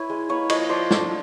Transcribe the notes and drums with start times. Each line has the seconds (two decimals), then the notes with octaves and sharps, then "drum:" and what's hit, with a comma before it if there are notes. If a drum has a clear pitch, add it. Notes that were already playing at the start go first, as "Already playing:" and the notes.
Already playing: E4 B4 C#5
0.10 G#3
0.29 A#3 B4 C#5
0.50 F3 C#5 D#5, drum: cymbal
0.69 F3 C5 D5
0.91 D4, drum: snare